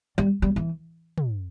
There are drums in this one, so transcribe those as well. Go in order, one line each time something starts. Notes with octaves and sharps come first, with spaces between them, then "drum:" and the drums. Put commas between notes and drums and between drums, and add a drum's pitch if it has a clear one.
G3
G3
E3
drum: tom